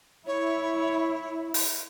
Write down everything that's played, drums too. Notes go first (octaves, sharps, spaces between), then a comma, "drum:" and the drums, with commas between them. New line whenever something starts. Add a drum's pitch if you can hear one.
E4 C#5
drum: open hi-hat